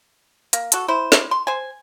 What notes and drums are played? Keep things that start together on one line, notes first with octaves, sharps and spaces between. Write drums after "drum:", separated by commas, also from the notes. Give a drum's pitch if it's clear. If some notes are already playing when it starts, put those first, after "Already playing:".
A#3, drum: hi-hat
F#4 A4, drum: hi-hat
E4 C5
drum: snare
C6
C5 G#5